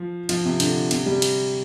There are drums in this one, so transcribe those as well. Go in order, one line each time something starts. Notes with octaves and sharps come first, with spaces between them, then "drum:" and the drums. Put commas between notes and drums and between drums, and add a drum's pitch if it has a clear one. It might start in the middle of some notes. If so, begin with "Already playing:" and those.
Already playing: F3
F3, drum: cymbal
C3
D3, drum: cymbal
C3, drum: cymbal
G3
drum: cymbal